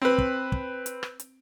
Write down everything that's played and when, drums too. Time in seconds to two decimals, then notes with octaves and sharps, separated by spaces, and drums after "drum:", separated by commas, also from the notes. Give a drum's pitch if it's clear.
0.02 C4 B4
0.18 drum: kick
0.52 drum: kick
0.86 drum: hi-hat
1.03 drum: rim click
1.20 drum: hi-hat